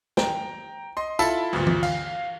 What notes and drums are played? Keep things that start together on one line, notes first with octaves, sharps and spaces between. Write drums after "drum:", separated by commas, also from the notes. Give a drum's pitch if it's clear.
G5 A#5, drum: snare
D#5 C6
E4 F4 A4 E5 A5 B5, drum: tambourine
D2 G2 A#2
drum: tom E3
F5, drum: cymbal